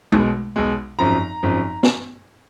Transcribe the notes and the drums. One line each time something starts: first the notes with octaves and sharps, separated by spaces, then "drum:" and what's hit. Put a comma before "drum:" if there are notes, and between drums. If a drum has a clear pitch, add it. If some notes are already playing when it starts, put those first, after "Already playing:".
B1 B2 G#3, drum: tom G#3
B1 B2 G#3
G#1 F#2 F3 A#5
G#1 F#2 F3
drum: snare